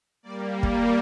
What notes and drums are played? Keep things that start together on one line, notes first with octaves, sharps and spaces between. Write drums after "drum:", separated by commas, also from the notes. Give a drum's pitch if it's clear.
G3 A#3 D5
drum: kick